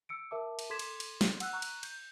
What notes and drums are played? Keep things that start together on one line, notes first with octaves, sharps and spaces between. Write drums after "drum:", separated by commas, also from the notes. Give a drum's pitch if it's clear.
E6 C#7 D7
A#4 E5 A5 D6
drum: cymbal
A4 C6 D6 G#6 B6 E7
drum: cymbal
drum: cymbal
drum: snare
F#5 E6 F#6, drum: cymbal
A#5 C#6 F#6
drum: cymbal
G6, drum: cymbal